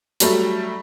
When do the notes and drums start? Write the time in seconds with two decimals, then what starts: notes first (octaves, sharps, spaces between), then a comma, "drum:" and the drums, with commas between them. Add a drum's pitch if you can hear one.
0.20 F#3 G3 A3, drum: hi-hat